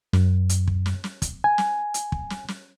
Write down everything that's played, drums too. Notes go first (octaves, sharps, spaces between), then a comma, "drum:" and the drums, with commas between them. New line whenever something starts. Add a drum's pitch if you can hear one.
F#2, drum: snare
drum: hi-hat
drum: kick
drum: snare
drum: snare
drum: kick, hi-hat
G#5
drum: snare
drum: hi-hat
drum: kick
drum: snare
drum: snare